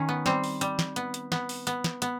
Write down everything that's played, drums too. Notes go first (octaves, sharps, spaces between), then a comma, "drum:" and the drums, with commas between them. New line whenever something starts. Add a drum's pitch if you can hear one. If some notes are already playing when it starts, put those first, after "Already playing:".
Already playing: D#3 C#4
B3
G3 C4, drum: snare
drum: open hi-hat
G3, drum: hi-hat
drum: snare
B3, drum: hi-hat
drum: hi-hat
B3, drum: snare
drum: open hi-hat
B3, drum: hi-hat
drum: snare
B3, drum: hi-hat